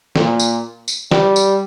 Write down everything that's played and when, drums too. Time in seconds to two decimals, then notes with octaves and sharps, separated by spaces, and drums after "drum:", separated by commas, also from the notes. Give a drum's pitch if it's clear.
0.16 A#2, drum: snare
0.40 drum: tambourine
0.88 drum: tambourine
1.11 G3, drum: snare
1.36 drum: tambourine